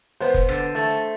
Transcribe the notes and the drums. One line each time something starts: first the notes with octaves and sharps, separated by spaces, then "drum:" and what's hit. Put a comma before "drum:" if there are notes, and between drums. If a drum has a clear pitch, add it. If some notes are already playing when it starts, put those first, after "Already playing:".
B3 C5, drum: hi-hat
drum: kick F1, hi-hat
D3, drum: rim click
A3, drum: hi-hat
drum: hi-hat